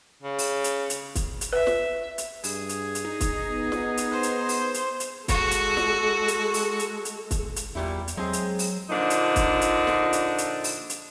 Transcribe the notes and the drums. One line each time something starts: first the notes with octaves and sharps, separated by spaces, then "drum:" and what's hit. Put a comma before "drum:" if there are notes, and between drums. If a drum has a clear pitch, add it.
C#3
drum: open hi-hat
drum: hi-hat
drum: hi-hat
drum: kick, hi-hat
drum: hi-hat
B4 E5
drum: snare
drum: hi-hat
G2 G#4, drum: open hi-hat
drum: hi-hat
drum: hi-hat
D#4
drum: kick, hi-hat
B3
drum: snare
drum: hi-hat
C5
drum: hi-hat
drum: open hi-hat
drum: hi-hat
drum: hi-hat
G#3 F#4 A4, drum: kick, hi-hat
drum: hi-hat
drum: snare
drum: hi-hat
drum: open hi-hat
drum: hi-hat
drum: hi-hat
drum: kick, hi-hat
drum: hi-hat
E2 A#2 G3 E4
drum: hi-hat
F#3 G#3 C4 G#4
drum: hi-hat
drum: open hi-hat
A#2 D3 F3 D4 D#4
drum: hi-hat
drum: kick, hi-hat
drum: hi-hat
drum: snare
drum: hi-hat
drum: hi-hat
drum: open hi-hat
drum: hi-hat